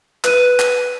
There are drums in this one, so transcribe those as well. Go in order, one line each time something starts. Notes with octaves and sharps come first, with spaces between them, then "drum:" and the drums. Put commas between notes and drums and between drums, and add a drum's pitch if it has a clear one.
B4 F#6 D#7, drum: clap
drum: clap